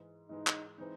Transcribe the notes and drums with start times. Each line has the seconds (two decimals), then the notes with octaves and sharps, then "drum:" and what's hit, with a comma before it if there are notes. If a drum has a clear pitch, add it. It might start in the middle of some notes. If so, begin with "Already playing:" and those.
Already playing: G#2 E3 G#3
0.29 G#2 E3 G#3 D#4
0.47 drum: clap
0.78 E3 G#3 C4 D#4